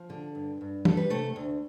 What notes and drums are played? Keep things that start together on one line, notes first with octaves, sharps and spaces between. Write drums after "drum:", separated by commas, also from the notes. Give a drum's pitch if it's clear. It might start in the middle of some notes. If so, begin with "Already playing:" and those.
Already playing: F3
D3
G2
G2
G3 A4, drum: tom
B4
C3 A3 A4
D2